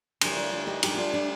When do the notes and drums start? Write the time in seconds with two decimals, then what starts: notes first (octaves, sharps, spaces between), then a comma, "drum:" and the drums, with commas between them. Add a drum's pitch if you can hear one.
0.21 D2 D3 G3 D4, drum: cymbal
0.36 D4 F4
0.52 D4 F4
0.67 D#4 G4
0.83 D2 D3 G3 D#4 G4, drum: cymbal
0.94 G4
0.98 D4 F4
1.13 D4